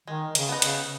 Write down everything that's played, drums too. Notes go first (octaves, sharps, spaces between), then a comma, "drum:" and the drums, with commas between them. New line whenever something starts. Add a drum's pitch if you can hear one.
D#3 G#3
C#3, drum: hi-hat
B3 D#4
C#3, drum: hi-hat